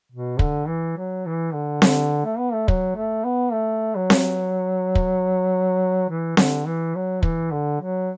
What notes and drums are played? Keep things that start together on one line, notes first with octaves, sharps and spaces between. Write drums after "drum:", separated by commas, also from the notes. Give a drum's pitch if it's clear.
B2
D3, drum: kick
E3
F#3
E3
D3
D3, drum: snare C4
A3
B3
A3
F#3, drum: kick
A3
B3
A3
F#3
drum: snare C4
drum: kick
E3
D3, drum: snare C4
E3
F#3
E3, drum: kick
D3
F#3